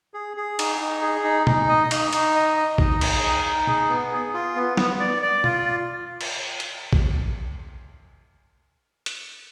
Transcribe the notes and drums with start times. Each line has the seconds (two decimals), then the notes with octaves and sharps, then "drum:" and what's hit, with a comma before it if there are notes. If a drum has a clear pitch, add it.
0.14 G#4
0.37 G#4
0.59 D#4, drum: cymbal
0.81 D#4
1.02 G#4
1.24 D#4
1.47 D#4, drum: tom B2
1.69 D#5
1.91 D#4, drum: cymbal
2.13 D#4, drum: cymbal
2.35 D#5
2.57 D#5
2.78 D#4, drum: kick A#1
3.01 G#4, drum: cymbal
3.23 D#4
3.45 D#4
3.67 G#4, drum: tom B2
3.89 B3
4.11 G#4
4.34 F4
4.56 B3
4.77 B3, drum: snare
5.00 D5
5.22 D5
5.44 F4, drum: tom B2
6.21 drum: cymbal
6.60 drum: hi-hat
6.93 drum: kick A#1
9.06 drum: hi-hat